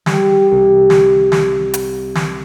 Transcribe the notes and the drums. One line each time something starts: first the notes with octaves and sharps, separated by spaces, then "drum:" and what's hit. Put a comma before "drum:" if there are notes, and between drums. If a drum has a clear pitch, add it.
G3, drum: snare
C2
drum: snare
drum: snare
drum: hi-hat
drum: snare